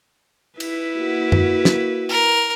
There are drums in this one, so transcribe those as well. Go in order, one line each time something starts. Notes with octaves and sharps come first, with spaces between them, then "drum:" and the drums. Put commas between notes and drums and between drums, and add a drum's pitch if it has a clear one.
E4 B4, drum: cymbal
A#3 F#4
drum: tom F#2
drum: snare
A#4